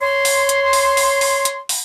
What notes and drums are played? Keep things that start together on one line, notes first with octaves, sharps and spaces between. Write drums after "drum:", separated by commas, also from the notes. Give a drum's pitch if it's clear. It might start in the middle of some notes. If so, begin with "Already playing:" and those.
C#5 C6
drum: open hi-hat
drum: hi-hat
drum: open hi-hat
drum: open hi-hat
drum: open hi-hat
drum: hi-hat
drum: open hi-hat